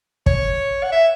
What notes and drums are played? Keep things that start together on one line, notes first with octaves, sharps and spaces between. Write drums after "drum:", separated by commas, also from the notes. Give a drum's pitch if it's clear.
C#5, drum: kick
F#5
E5